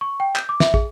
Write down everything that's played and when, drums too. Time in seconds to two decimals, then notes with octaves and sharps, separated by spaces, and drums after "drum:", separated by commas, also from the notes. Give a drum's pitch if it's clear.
0.01 C#6
0.20 G5
0.36 G6, drum: clap
0.49 D6
0.60 E5, drum: snare
0.74 G#4, drum: kick